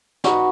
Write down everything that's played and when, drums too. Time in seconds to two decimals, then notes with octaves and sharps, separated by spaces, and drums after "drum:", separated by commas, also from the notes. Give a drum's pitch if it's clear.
0.24 D#4 F#4 B4, drum: snare